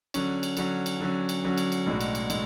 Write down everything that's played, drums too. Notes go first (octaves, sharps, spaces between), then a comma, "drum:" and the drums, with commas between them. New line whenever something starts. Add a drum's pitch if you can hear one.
D3 F#3 C#4, drum: cymbal
drum: cymbal
D3 F#3 C#4, drum: cymbal
drum: cymbal
D3 F#3 C#4
drum: cymbal
D3 F#3 C#4
drum: cymbal
drum: cymbal
B1 A2 G#3 D4 F#4
drum: cymbal
drum: cymbal
A2 G#3, drum: cymbal